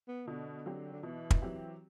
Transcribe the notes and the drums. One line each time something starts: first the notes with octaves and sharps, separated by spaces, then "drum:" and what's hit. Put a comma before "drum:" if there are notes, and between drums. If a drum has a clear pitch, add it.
B3
B2 D3
F#3 C4 G4
D3
B2 E3
drum: kick
F#3 C4 G4